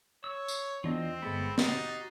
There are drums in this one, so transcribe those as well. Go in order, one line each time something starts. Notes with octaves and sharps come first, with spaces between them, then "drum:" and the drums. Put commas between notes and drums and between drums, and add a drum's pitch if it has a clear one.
C#5 E6
drum: tambourine
E2 C4 D4 F4 D#5
G1 G#3 A3 B3 A4 B5
D#4 F#4 G4 A6 A#6 C7, drum: snare